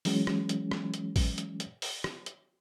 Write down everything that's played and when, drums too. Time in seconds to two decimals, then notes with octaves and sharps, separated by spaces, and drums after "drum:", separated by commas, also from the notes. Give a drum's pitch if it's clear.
0.05 E3 F#3 G#3 C#4, drum: open hi-hat
0.27 drum: rim click
0.49 drum: hi-hat
0.71 drum: rim click
0.94 drum: hi-hat
1.16 drum: kick, open hi-hat
1.38 drum: hi-hat
1.60 drum: hi-hat
1.82 drum: open hi-hat
2.04 drum: rim click
2.26 drum: hi-hat